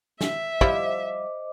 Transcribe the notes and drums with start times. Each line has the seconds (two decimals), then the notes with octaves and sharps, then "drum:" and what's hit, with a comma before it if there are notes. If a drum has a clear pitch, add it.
0.21 E5, drum: snare
0.61 F3 G3 E4 C5 D#5 D6, drum: kick